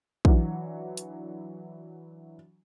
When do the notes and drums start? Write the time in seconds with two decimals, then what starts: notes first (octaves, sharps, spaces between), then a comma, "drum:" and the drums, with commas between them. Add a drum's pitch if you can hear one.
0.25 E3 F#3 D4, drum: kick
0.97 drum: hi-hat